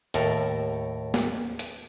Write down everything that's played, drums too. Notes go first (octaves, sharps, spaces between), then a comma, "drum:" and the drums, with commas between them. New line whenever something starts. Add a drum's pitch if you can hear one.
D#2 A2 A4 A#4, drum: hi-hat
drum: snare
drum: hi-hat